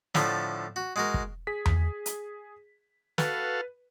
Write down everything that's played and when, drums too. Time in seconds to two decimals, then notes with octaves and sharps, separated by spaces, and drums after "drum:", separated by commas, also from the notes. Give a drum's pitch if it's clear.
0.15 A2 D3 F3 A3, drum: snare
0.76 F#4
0.96 G#3 F#4 A#4
1.14 drum: kick
1.47 G#4 B6
1.66 drum: tom E2
2.06 drum: hi-hat
3.18 F#4 A4 B4 F5, drum: snare